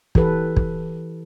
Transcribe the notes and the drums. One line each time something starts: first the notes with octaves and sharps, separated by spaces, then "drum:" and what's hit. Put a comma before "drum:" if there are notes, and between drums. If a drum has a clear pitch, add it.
E3 G4 A4 B4, drum: kick
drum: kick